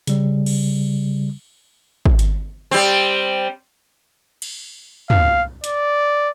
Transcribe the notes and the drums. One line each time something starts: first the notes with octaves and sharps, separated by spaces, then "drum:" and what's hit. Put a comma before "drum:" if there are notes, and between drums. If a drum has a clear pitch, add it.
C#3 G3, drum: hi-hat
drum: cymbal
drum: kick
drum: hi-hat
G3 C4
drum: cymbal
F5, drum: tom
D5, drum: hi-hat